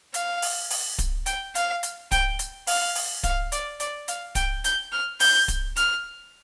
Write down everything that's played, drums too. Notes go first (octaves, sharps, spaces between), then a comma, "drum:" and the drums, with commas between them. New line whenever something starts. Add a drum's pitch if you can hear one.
F5, drum: hi-hat
drum: open hi-hat
drum: open hi-hat
drum: kick D1, hi-hat
G5, drum: hi-hat
F5, drum: hi-hat
drum: hi-hat
G5, drum: kick D1, hi-hat
drum: hi-hat
F5, drum: open hi-hat
drum: open hi-hat
F5, drum: kick D1, hi-hat
D5, drum: hi-hat
D5, drum: hi-hat
F5, drum: hi-hat
G5, drum: kick D1, hi-hat
G6, drum: hi-hat
F6
G6, drum: open hi-hat
drum: kick D1, hi-hat
F6, drum: hi-hat